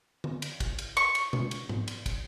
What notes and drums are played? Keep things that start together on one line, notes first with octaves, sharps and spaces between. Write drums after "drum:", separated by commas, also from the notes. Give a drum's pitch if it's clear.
drum: tom
drum: cymbal
drum: kick, cymbal
drum: cymbal
C#6
drum: cymbal
drum: tom B2
drum: cymbal
drum: tom G#2
drum: cymbal
drum: kick, cymbal